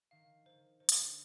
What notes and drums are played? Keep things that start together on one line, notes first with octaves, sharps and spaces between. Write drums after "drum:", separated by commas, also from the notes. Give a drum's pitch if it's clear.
D#3 F5
D#3 C5
D#3 C5
D3, drum: hi-hat
D#3